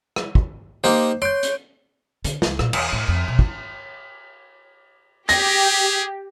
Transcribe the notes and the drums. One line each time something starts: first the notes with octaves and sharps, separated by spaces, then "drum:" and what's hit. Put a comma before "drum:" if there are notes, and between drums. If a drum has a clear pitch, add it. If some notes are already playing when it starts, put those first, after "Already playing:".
drum: rim click
drum: kick
A#3 D#4 G4 C5
C#5 C6 G6 D7
drum: hi-hat
D3, drum: hi-hat
C#2, drum: snare
A#2, drum: rim click
E2, drum: cymbal
A2
F2
B2
drum: kick
G4 G#4 A#6, drum: hi-hat